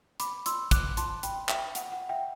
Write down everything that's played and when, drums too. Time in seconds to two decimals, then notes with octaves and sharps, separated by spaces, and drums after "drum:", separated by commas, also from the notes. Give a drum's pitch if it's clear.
0.20 B5 D6, drum: hi-hat
0.46 C6 E6, drum: hi-hat
0.71 D6 F#6, drum: kick, hi-hat
0.97 A5 C6, drum: hi-hat
1.23 G5 B5, drum: hi-hat
1.49 E5 G5, drum: clap
1.75 F#5, drum: hi-hat
1.92 F#5
2.09 E5 G5